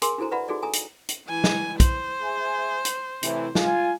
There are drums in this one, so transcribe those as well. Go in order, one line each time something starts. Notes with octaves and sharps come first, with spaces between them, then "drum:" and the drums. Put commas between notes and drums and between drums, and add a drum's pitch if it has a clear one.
G#4 A#4 G#5 C6, drum: hi-hat
D4 E4 F#4 A4 C5 A#5
B4 D5 E5 F#5 A#5 B5
D#4 F#4 G#4 A4 D5 D#5
A4 G#5 A#5 D#6
drum: hi-hat
drum: hi-hat
E3 G#5
drum: snare
C5, drum: kick, hi-hat
G#4 E5 G#5
drum: hi-hat
A2 C3 E3, drum: hi-hat
F4 G#5, drum: snare